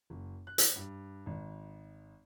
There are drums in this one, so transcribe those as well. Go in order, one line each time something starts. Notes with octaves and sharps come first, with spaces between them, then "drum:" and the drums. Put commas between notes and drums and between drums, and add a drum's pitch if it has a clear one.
F#1
F#6
drum: hi-hat
G2
G#1